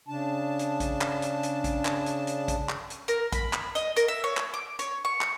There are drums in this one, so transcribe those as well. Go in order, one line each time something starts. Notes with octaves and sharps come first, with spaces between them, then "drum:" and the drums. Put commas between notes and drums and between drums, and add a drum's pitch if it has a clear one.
C#3 D4 A5
drum: hi-hat
drum: kick, hi-hat
drum: clap
drum: hi-hat
drum: hi-hat
drum: kick, hi-hat
drum: clap
drum: hi-hat
drum: hi-hat
drum: kick, hi-hat
drum: clap
drum: hi-hat
A#4, drum: hi-hat
B5, drum: kick, hi-hat
drum: clap
D#5, drum: hi-hat
A#4, drum: hi-hat
E5
C#5
drum: clap
D6
C#5, drum: hi-hat
C#6
drum: clap